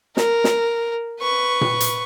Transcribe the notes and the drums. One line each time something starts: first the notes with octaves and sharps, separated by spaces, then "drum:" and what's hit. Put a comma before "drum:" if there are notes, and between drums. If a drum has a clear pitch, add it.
A#4, drum: snare
drum: snare
B4 C#6
drum: tom A#2
drum: hi-hat